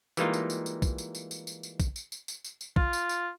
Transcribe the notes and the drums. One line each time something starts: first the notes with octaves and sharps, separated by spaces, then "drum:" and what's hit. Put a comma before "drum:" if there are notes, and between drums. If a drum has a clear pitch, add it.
E3 G3 G#3 A#3 D#4 F4, drum: tambourine
drum: tambourine
drum: tambourine
drum: tambourine
drum: kick, tambourine
drum: tambourine
drum: tambourine
drum: tambourine
drum: tambourine
drum: tambourine
drum: kick, tambourine
drum: tambourine
drum: tambourine
drum: tambourine
drum: tambourine
drum: tambourine
F4, drum: kick
drum: tambourine
drum: tambourine